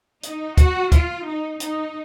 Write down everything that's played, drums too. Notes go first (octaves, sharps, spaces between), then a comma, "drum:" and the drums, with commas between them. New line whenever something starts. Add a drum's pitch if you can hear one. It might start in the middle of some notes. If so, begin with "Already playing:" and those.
D#4, drum: hi-hat
F#4, drum: kick, hi-hat
F4, drum: kick, hi-hat
D#4
D#4, drum: hi-hat